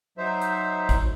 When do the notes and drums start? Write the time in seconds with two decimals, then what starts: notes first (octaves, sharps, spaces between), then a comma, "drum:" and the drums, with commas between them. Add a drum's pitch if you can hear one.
0.18 F#3 D#4 C5 E5
0.41 drum: hi-hat
0.89 drum: kick, hi-hat